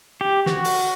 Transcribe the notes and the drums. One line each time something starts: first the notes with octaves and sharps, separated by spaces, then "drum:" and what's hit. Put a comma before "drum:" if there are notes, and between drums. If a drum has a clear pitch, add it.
G4
F#4, drum: snare
drum: open hi-hat